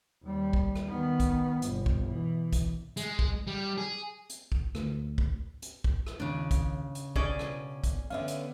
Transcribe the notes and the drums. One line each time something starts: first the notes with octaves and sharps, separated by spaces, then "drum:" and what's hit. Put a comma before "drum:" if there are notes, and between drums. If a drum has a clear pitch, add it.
D#2 G3
drum: kick
drum: rim click
D#3 B3
drum: kick, hi-hat
G1 B2, drum: hi-hat
drum: kick
B2 E3
drum: kick, hi-hat
G#3, drum: hi-hat
drum: kick
G3
G#4
drum: hi-hat
drum: kick
D2, drum: rim click
drum: kick
drum: hi-hat
drum: kick
drum: rim click
D#2 C#3 D4
drum: kick, hi-hat
drum: hi-hat
B2 C#4 G#4 D5, drum: kick
drum: rim click
drum: kick, hi-hat
D3 B3 C#4 E5 F5
drum: hi-hat